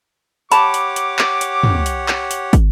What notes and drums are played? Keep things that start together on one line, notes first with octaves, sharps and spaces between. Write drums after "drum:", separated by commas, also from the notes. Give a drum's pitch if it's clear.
G4 C#5 F#5 A5 B5 D6, drum: hi-hat
drum: hi-hat
drum: hi-hat
drum: clap
drum: hi-hat
drum: tom
drum: hi-hat
drum: clap
drum: hi-hat
drum: kick, hi-hat